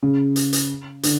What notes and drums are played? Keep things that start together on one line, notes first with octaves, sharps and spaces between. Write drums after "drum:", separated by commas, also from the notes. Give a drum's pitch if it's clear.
C#3
drum: hi-hat
drum: hi-hat
D3, drum: hi-hat